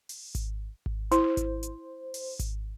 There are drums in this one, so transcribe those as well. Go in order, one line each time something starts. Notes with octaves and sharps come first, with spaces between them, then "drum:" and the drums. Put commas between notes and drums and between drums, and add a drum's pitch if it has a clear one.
drum: open hi-hat
drum: kick G#1, hi-hat
drum: kick G#1
E4 C5, drum: hi-hat
drum: kick G#1, hi-hat
drum: hi-hat
drum: open hi-hat
drum: kick G#1, hi-hat